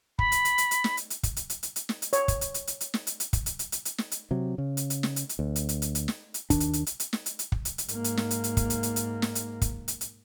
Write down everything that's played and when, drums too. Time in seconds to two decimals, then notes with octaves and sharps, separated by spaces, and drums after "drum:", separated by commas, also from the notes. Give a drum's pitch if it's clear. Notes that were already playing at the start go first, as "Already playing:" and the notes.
0.19 B5, drum: kick
0.32 drum: hi-hat
0.45 drum: hi-hat
0.58 drum: hi-hat
0.71 drum: hi-hat
0.84 drum: snare
0.97 drum: hi-hat
1.10 drum: hi-hat
1.23 drum: kick, hi-hat
1.36 drum: hi-hat
1.50 drum: hi-hat
1.63 drum: hi-hat
1.76 drum: hi-hat
1.89 drum: snare
2.02 drum: hi-hat
2.13 C#5, drum: hi-hat
2.28 drum: kick, hi-hat
2.41 drum: hi-hat
2.54 drum: hi-hat
2.67 drum: hi-hat
2.81 drum: hi-hat
2.94 drum: snare
3.07 drum: hi-hat
3.20 drum: hi-hat
3.33 drum: kick, hi-hat
3.46 drum: hi-hat
3.59 drum: hi-hat
3.72 drum: hi-hat
3.85 drum: hi-hat
3.98 drum: snare
4.11 drum: hi-hat
4.31 C3 F#3
4.58 C#3
4.77 drum: hi-hat
4.90 drum: hi-hat
5.03 drum: snare
5.16 drum: hi-hat
5.29 drum: hi-hat
5.39 D2
5.56 drum: hi-hat
5.69 drum: hi-hat
5.82 drum: hi-hat
5.95 drum: hi-hat
6.08 drum: snare
6.34 drum: hi-hat
6.50 D#2 D#3 D4, drum: kick, hi-hat
6.60 drum: hi-hat
6.73 drum: hi-hat
6.86 drum: hi-hat
7.00 drum: hi-hat
7.13 drum: snare
7.26 drum: hi-hat
7.39 drum: hi-hat
7.52 drum: kick
7.65 drum: hi-hat
7.78 drum: hi-hat
7.88 G#2 A#3, drum: hi-hat
8.04 drum: hi-hat
8.17 drum: snare
8.31 drum: hi-hat
8.44 drum: hi-hat
8.57 drum: kick, hi-hat
8.70 drum: hi-hat
8.83 drum: hi-hat
8.96 drum: hi-hat
9.22 drum: snare
9.35 drum: hi-hat
9.61 drum: kick, hi-hat
9.88 drum: hi-hat
10.01 drum: hi-hat